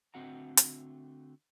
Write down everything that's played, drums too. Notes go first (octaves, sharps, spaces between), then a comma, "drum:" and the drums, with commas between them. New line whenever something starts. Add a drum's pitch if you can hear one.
D3 A3 C4 F#4 F#5 A#5
drum: hi-hat